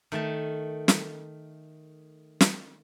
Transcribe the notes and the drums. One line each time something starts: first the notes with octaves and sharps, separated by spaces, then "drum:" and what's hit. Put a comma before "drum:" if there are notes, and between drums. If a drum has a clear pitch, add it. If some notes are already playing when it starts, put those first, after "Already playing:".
D#3 A3 D#5 A5
drum: snare
drum: snare